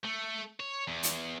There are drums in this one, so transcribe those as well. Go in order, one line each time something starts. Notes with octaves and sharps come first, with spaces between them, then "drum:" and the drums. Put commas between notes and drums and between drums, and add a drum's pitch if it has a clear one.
A3
C#5
E2
drum: hi-hat